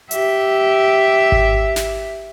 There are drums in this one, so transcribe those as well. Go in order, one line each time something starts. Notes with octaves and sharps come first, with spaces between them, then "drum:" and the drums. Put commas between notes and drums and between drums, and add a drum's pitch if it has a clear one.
G4 E5, drum: hi-hat
drum: kick G#1
drum: snare